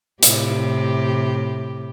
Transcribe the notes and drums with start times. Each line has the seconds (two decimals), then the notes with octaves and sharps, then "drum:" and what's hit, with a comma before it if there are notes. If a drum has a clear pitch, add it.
0.23 A2 C3 G4, drum: hi-hat